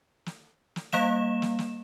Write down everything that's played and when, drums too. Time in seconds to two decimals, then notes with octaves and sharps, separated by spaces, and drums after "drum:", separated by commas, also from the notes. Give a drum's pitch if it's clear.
0.26 drum: snare
0.76 drum: snare
0.92 G3 A#3 F5 E7, drum: snare
1.42 drum: snare
1.59 drum: snare